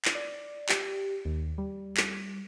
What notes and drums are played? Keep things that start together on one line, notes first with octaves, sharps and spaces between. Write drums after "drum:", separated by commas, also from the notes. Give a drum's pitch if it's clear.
drum: clap
D5
G4, drum: clap
D#2
G3
drum: clap